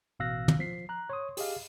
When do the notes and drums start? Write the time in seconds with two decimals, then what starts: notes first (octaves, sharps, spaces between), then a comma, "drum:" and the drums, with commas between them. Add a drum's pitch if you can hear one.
0.20 A1 B2 F5 E6 F#6 A#6
0.48 drum: tom
0.59 F3 B6 C7
0.89 A#5 F#6
1.10 C#5 C6 D#6
1.37 G4 G#4 D#5 F5, drum: open hi-hat